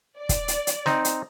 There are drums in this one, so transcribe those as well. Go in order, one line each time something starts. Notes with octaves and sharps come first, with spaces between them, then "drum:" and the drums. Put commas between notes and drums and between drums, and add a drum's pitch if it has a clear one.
D5
drum: kick, hi-hat
drum: hi-hat
drum: hi-hat
C4 D#4, drum: snare
drum: hi-hat